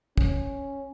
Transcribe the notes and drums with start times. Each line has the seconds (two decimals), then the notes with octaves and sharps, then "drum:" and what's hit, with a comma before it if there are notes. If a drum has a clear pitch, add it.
0.18 C#4, drum: kick